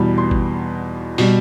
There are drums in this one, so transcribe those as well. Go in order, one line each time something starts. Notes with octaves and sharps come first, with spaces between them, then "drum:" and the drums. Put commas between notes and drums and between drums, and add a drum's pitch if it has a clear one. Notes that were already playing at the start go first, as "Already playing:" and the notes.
Already playing: E2 B2 G3 B5
C6
drum: kick
B2 G3, drum: open hi-hat